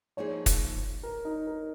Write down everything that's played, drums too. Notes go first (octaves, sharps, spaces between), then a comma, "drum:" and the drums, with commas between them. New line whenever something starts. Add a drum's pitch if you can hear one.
F3 A#3 D#4 G#4 C#5
drum: kick, hi-hat
A#4
D#4
A#4